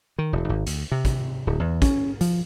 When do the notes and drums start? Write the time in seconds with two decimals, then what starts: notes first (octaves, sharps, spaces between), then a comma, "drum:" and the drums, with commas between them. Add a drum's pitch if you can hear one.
0.18 D#3
0.33 E1
0.49 G#1
0.67 D2, drum: hi-hat
0.92 C3
1.05 drum: kick, hi-hat
1.47 D1
1.60 E2
1.82 C#4, drum: kick, hi-hat
2.21 F3, drum: hi-hat